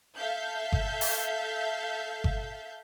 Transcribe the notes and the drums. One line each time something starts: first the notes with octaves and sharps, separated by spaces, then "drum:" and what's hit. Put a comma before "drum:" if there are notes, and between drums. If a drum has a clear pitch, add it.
A4 E5 F5 G6
drum: kick G1
drum: open hi-hat
drum: kick G1